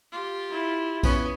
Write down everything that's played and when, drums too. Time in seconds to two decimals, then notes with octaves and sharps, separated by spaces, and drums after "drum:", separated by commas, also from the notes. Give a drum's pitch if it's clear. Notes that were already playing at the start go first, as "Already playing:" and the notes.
0.12 F4 G4
0.50 E4
1.03 B3 C#4, drum: kick A#1, tambourine